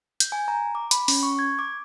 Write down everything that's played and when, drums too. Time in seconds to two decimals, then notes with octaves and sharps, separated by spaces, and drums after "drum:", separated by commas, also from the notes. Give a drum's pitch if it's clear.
0.20 G6, drum: hi-hat
0.32 G#5
0.48 A#5
0.75 D6
0.91 B5, drum: hi-hat
1.08 C#4, drum: open hi-hat
1.23 C#6
1.39 G#6
1.59 D6